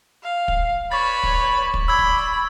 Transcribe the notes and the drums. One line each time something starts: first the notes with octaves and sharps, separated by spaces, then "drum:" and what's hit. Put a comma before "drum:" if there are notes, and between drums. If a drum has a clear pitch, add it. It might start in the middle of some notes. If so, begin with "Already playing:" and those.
F5
drum: kick
B4 C#5 D5 B5 C#6 A6
drum: kick
drum: kick
D5 B5 E6 G#6
drum: kick